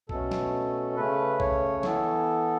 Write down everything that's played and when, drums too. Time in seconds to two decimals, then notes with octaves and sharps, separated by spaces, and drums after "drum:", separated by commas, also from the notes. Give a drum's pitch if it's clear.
0.09 B2 A3 C#4 A4, drum: kick B1
0.31 drum: snare
0.96 C#3 A3 C#4 B4
1.40 C#5, drum: kick B1
1.83 E3 B3 A4, drum: snare